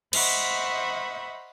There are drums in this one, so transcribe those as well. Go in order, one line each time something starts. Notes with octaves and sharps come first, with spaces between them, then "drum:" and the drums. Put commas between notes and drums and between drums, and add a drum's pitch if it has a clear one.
C5 D#5 E5 F#5 B5 C#6, drum: cymbal